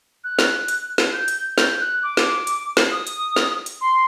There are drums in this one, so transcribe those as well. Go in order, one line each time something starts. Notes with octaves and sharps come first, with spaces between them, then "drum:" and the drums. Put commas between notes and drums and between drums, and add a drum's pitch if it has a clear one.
F#6
drum: snare
drum: hi-hat
drum: snare
G6
drum: hi-hat
G6, drum: snare
F#6
D6
drum: snare
drum: hi-hat
drum: snare
D#6
drum: hi-hat
drum: snare
drum: hi-hat
C6